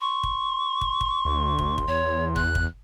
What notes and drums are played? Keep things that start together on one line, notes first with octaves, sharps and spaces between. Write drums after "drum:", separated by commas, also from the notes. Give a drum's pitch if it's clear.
C6 C#6
drum: kick
drum: kick
drum: kick
D2
drum: kick
drum: kick
E2 C#5
F#6, drum: kick
drum: kick